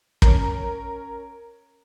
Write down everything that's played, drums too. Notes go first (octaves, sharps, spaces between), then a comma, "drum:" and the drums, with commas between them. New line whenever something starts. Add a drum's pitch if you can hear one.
C#4 A#4, drum: kick